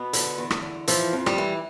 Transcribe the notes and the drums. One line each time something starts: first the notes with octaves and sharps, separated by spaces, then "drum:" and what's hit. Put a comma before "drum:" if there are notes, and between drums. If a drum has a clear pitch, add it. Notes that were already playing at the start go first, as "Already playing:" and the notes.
Already playing: B2 B3
D3, drum: hi-hat
E2
drum: rim click
D3
E3 F3, drum: hi-hat
F2
G3, drum: rim click
E3